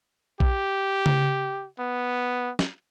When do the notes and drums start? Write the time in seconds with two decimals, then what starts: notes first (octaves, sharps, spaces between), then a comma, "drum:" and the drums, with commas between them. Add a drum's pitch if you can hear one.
0.40 G4, drum: kick A#1
1.06 drum: tom C#3
1.79 B3
2.59 drum: snare